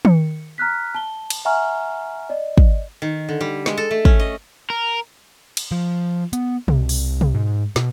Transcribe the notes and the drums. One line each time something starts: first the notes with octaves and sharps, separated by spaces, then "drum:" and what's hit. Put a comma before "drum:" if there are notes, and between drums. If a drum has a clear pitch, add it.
C#7, drum: tom
A#5 F6 F#6 B6
A5 G7
drum: cymbal
E5 F#5 G#5 A#5 C#6 F6
D5 D#5
drum: kick
D#3
D3
G3
G#3, drum: snare
A4
A3
C#4, drum: kick
D#5
A#4
drum: cymbal
F3
B3, drum: hi-hat
C2, drum: tom B2
drum: open hi-hat
drum: tom B2
G#2
B2, drum: snare